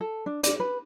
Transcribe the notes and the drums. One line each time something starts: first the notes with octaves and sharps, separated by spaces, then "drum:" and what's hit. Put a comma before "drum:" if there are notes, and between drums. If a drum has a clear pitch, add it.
A4
D4
D5, drum: hi-hat
B4